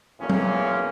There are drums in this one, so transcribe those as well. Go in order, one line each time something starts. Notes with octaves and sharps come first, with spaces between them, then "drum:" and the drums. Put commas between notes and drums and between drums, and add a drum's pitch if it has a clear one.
B1 E2 A#2 A#3 C#4
drum: tom F#3